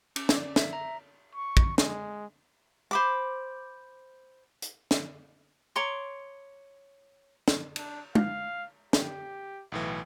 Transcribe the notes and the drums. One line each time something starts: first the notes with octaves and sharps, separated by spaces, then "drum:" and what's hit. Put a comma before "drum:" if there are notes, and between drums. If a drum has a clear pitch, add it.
C#4, drum: cymbal
D5, drum: snare
E5, drum: snare
A#5
C#6
drum: kick
G#3, drum: snare
C5 B5 D6
drum: hi-hat
drum: snare
C#5 A#5 C6 D6
drum: snare
D4, drum: cymbal
F5, drum: tom G#3
G4, drum: snare
B1 A2 E3